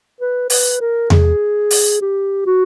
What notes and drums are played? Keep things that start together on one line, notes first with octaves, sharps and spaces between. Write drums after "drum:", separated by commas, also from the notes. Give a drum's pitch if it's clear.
B4
B4, drum: open hi-hat
A#4
G#4, drum: tom E2
drum: open hi-hat
G4
F#4